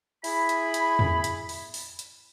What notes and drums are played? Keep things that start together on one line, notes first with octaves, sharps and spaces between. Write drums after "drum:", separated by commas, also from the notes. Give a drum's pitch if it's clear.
E4 G#4 B5, drum: open hi-hat
drum: hi-hat
drum: hi-hat
drum: tom E2
drum: hi-hat
drum: open hi-hat
drum: open hi-hat
drum: hi-hat